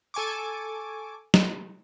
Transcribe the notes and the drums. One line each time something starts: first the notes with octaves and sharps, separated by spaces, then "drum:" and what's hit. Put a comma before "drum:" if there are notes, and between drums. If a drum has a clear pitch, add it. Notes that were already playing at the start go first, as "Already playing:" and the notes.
A4 G#5 C#6 D6
drum: snare